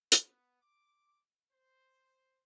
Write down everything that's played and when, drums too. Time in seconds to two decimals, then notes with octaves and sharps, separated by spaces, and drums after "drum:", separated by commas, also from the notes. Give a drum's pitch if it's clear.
0.12 B3, drum: hi-hat
0.61 D6
1.52 C5